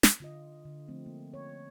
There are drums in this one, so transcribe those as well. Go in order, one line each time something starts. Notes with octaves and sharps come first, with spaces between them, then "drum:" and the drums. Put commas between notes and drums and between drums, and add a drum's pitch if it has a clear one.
drum: snare
D3 F4 D#5
D3
F3 A3 C4
A#3
C#5